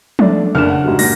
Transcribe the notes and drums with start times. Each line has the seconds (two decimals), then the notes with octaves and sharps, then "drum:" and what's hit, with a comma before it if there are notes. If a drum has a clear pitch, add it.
0.19 A3 D4, drum: tom F3
0.55 F#1 C#3 D4 F6 E7
0.69 F#5
0.84 G#2 G3 F#4
0.99 A#2 A#6, drum: open hi-hat